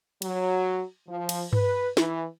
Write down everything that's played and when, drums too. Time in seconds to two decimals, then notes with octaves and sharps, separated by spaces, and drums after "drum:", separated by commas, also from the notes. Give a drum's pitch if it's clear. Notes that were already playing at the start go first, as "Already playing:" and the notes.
0.22 F#3, drum: cymbal
1.08 F3
1.29 drum: cymbal
1.53 B4, drum: tom G2
1.97 E3, drum: snare